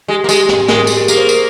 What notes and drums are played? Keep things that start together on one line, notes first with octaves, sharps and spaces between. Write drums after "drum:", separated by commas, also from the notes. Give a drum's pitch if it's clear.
G#3 G4
A#3
G#3 G4, drum: tambourine
drum: snare
G#3 A#4, drum: snare
G#4
G4, drum: tambourine
G#4
A#3 A#4, drum: tambourine
C5
A#4, drum: tambourine